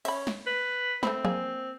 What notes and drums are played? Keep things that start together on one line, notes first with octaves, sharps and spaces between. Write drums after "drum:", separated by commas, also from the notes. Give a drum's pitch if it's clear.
C#4 E5 B5, drum: cymbal
drum: snare
B4
A3 C4 B5, drum: snare
A#3 G#4, drum: tom